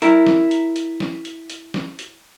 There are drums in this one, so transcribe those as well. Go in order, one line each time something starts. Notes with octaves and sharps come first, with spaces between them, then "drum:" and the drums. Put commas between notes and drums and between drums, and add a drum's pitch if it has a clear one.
E4 A#4, drum: hi-hat
drum: snare
drum: hi-hat
drum: hi-hat
drum: snare
drum: hi-hat
drum: hi-hat
drum: snare
drum: hi-hat